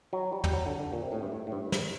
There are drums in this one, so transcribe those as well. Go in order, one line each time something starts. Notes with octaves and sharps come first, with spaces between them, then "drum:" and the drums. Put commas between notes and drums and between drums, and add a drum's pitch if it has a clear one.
F#3
G3
G3, drum: tom
F#3
D3
D3
A#2
C3
A2
G2
A2
A2
G2
G2, drum: snare